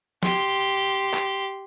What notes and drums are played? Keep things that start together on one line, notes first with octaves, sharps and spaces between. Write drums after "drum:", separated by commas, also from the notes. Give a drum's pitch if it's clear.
G4 C6, drum: snare
drum: clap